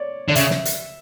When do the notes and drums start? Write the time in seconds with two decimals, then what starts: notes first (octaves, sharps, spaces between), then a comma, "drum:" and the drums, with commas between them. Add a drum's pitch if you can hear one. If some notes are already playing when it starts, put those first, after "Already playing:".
Already playing: C#5 D5
0.28 D3 D5
0.35 C#3 E5, drum: hi-hat
0.50 drum: snare
0.65 drum: hi-hat